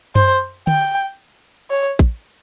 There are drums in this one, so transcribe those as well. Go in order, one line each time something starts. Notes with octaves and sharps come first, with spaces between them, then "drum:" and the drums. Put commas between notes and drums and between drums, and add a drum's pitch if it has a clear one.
C5, drum: tom F#2
G5, drum: tom D3
C#5
drum: kick A1